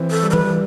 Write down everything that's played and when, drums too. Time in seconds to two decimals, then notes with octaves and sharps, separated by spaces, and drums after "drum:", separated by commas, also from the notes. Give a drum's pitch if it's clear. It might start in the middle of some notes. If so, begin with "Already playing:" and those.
Already playing: E3 C4
0.11 A4
0.23 G3
0.30 A#4
0.33 B4, drum: tom D#3